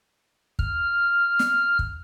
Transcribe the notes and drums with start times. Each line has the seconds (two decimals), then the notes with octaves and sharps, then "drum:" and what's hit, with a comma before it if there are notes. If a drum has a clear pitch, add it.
0.59 F6, drum: kick
1.39 drum: snare
1.79 drum: kick